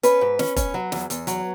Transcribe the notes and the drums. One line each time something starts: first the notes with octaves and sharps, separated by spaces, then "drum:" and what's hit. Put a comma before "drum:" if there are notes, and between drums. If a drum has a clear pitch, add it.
C#4 B4, drum: hi-hat
G#2
C#4, drum: snare
C#4, drum: kick F1, hi-hat
F#3
E2, drum: snare
E2, drum: hi-hat
F#3, drum: hi-hat